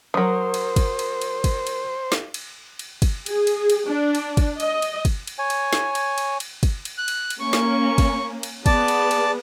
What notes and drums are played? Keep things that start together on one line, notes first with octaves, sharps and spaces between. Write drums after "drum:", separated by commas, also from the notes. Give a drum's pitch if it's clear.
F3 F#3 A#4 C5 D#6
drum: cymbal
drum: kick, cymbal
drum: cymbal
drum: cymbal
drum: kick, cymbal
drum: cymbal
drum: snare
drum: cymbal
drum: cymbal
drum: kick, cymbal
G#4, drum: cymbal
drum: cymbal
drum: cymbal
D4
drum: cymbal
drum: kick, cymbal
D#5, drum: cymbal
drum: cymbal
drum: kick, cymbal
drum: cymbal
C#5 G#5
drum: cymbal
drum: snare
drum: cymbal
drum: cymbal
drum: cymbal
drum: kick, cymbal
drum: cymbal
F#6
drum: cymbal
drum: cymbal
A#3 C#4 C#6
drum: snare
drum: kick, cymbal
drum: cymbal
B3 G#4 D5 A5, drum: kick, cymbal
drum: cymbal
drum: cymbal